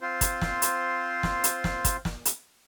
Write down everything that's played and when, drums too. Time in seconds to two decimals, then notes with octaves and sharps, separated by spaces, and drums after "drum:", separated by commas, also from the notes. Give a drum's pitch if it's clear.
0.01 C4 F4 C5
0.21 drum: kick, hi-hat
0.41 drum: snare
0.62 drum: hi-hat
1.23 drum: snare
1.44 drum: hi-hat
1.64 drum: snare
1.85 drum: kick, hi-hat
2.05 drum: snare
2.25 drum: hi-hat